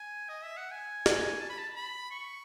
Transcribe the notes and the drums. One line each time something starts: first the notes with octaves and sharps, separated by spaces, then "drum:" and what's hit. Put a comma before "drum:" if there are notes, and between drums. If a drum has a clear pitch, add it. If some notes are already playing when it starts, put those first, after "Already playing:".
Already playing: G#5
D#5
E5
F#5
G#5
drum: snare
A5
B5
A5
B5
C#6